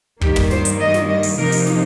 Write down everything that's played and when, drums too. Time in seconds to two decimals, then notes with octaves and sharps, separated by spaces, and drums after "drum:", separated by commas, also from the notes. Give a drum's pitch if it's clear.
0.21 G2 D#3 G3 A#3 G4, drum: kick
0.36 drum: tom
0.51 C5, drum: snare
0.65 drum: hi-hat
0.79 D#5
0.94 drum: snare
1.08 D#5
1.23 drum: open hi-hat
1.37 C3 F3 A#3 D#4 A#4
1.52 drum: open hi-hat
1.67 drum: snare